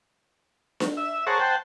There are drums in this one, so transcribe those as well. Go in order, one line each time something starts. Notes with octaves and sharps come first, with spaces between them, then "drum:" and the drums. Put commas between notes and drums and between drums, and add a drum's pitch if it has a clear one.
drum: snare D4
E5
G#4 A#4 C5 C#5 F#5 A5
C5 F#5 G5 A5